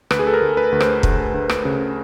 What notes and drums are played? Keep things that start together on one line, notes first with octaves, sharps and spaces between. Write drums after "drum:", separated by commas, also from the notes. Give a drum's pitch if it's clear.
D2 B4, drum: rim click
G#4
A4
A#4
D2
B4
D2
C5, drum: rim click
D2, drum: kick
D2
drum: rim click
C#3